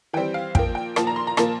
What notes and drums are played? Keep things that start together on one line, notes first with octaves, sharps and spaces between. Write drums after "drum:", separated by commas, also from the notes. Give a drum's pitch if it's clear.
E3 G3 C4 G5
F5
A#2 F3 A#3 G5, drum: kick
G5
A#2 F3 A#3 A5, drum: rim click
A#5
C6
A#5
A#2 F3 A#3 A5, drum: rim click